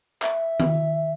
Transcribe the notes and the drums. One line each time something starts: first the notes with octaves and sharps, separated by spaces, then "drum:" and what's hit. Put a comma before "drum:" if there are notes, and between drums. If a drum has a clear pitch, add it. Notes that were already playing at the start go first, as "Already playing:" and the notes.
E5, drum: clap
drum: tom D#3